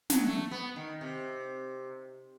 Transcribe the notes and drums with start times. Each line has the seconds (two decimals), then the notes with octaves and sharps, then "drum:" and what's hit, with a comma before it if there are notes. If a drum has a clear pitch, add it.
0.10 F#3, drum: snare
0.26 A3
0.51 B3
0.76 D#3
1.01 C3